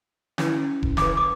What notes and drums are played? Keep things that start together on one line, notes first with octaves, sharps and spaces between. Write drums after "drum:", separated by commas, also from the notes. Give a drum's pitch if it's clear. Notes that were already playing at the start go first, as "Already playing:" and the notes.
C#4 E4 B4, drum: snare
drum: kick E1
E4 B4 D6, drum: snare
D6